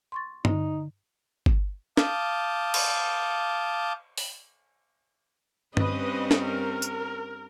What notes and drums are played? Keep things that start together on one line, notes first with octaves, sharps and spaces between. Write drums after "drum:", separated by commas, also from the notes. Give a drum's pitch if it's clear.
C6 C#6 A6
D3 D#4, drum: tom G2
drum: kick G1
F5 A5 D6 D#6 G6, drum: snare
drum: cymbal
drum: open hi-hat
G2 C4 C#4 B4 D#5, drum: tom G2
drum: snare
A#4
drum: tambourine